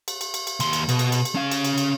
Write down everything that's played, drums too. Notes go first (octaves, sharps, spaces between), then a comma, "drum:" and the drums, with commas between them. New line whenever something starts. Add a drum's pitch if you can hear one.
drum: cymbal
drum: cymbal
drum: cymbal
drum: cymbal
D#2 C6, drum: cymbal
drum: cymbal
B2, drum: cymbal
drum: cymbal
drum: cymbal
drum: cymbal
C#4 F5
drum: cymbal
drum: cymbal
drum: cymbal